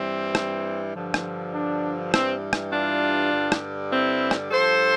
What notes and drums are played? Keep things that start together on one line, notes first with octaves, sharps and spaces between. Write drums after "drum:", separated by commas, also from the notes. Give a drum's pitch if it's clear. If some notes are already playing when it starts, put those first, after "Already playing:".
Already playing: G2 E3 G3 C4
drum: rim click
G2 D3 F3
drum: rim click
D4
G2 E3 G3 C4, drum: rim click
drum: rim click
D4 F4
G2 D3 G3
drum: rim click
C4 E4
drum: rim click
G2 F3 A4 C5